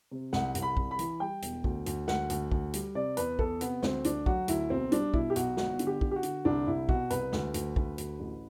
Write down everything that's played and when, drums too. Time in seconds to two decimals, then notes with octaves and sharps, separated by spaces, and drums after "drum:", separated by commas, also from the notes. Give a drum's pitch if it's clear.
0.11 C3
0.33 C2 F#5, drum: snare
0.55 C2, drum: hi-hat
0.62 B5
0.77 C2, drum: kick
0.91 B5
0.99 E3, drum: hi-hat
1.20 G3 G5
1.42 E1, drum: hi-hat
1.64 D2, drum: kick
1.86 D2, drum: hi-hat
2.08 D2 F#5, drum: snare
2.30 D2, drum: hi-hat
2.52 D2, drum: kick
2.74 G3, drum: hi-hat
2.95 C3 D5
3.17 E2 B4, drum: hi-hat
3.39 E2 A4, drum: kick
3.61 C3 B3, drum: hi-hat
3.83 D2 C4, drum: snare
4.04 D2 D4, drum: hi-hat
4.26 F#3 F#4, drum: kick
4.48 D2 E4, drum: hi-hat
4.70 B1 C4
4.92 G3 D4, drum: hi-hat
5.14 B2 E4, drum: kick
5.30 G4
5.36 B1 F#4, drum: hi-hat
5.57 G1 F#4, drum: snare
5.79 D3, drum: hi-hat
5.87 G4
6.01 D3, drum: kick
6.11 G4
6.16 F#4
6.23 D3, drum: hi-hat
6.45 C2 D4
6.67 C2 E4
6.89 B2 F#4, drum: kick
7.10 C2 B4, drum: hi-hat
7.33 D2, drum: snare
7.54 D2, drum: hi-hat
7.76 D2, drum: kick
7.98 D2, drum: hi-hat
8.20 A1